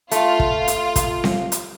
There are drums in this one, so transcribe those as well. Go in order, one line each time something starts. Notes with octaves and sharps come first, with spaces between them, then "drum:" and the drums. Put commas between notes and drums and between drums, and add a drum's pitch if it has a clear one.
A3 F4, drum: hi-hat
drum: kick
drum: hi-hat
drum: kick, hi-hat
drum: snare C4
drum: hi-hat